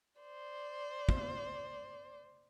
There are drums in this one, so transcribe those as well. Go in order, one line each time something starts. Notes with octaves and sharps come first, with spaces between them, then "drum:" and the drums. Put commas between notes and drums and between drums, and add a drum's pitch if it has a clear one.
C5 D5
drum: kick